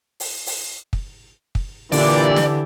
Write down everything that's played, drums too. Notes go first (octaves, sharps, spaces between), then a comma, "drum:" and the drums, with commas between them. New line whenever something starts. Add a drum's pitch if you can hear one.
drum: open hi-hat
drum: open hi-hat
drum: kick
drum: kick
A#2 D3 E3 D4 G4 D5, drum: open hi-hat
drum: snare